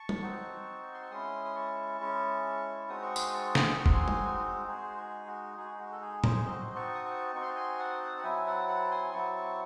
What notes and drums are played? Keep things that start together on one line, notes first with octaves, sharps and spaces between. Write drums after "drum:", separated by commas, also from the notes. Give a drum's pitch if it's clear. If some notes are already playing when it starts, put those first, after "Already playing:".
Already playing: A5 C#6
drum: tom G3
C4 D#4 F#4
C6
C#6
G#3 C#4 E4 C6 D#6
D#6
A5 C#6
G#3 C#4 E4
G#3 C4 D#4 F#4 D#6
C#6
C6 D#6, drum: tambourine
D#6
A5 C#6
drum: snare
G#3 C4 D#4 F#4 C6
C#6, drum: kick F#1
G#5 C6
drum: tom G3
G#3 D#4 F#4 G#4 C5
G#4
F#4
G#3 D#4 F#4 G#4
F#4
A4
G#4
G#4 C5, drum: tom
C4 D#4 F#4 C5 D#5
A5 C#6
D#6
A5 C#6
C4 D#4 F#4 C#6
C6
A5
G#5 C6
F#5 A5
F#5
F#3 C4 E4 E5 G#5
F#5 A5
F#5 A5
G#5 C6
D#6
F#3 C4 E4 A5 C#6